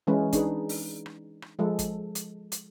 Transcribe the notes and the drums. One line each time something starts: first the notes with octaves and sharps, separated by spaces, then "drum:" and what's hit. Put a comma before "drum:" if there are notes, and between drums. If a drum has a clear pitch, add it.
E3 G#3 C#4 B4
D4 D#4 G#4 B4, drum: kick, hi-hat
drum: open hi-hat
drum: rim click
drum: rim click
F3 G#3 A4
drum: kick, hi-hat
drum: hi-hat
drum: hi-hat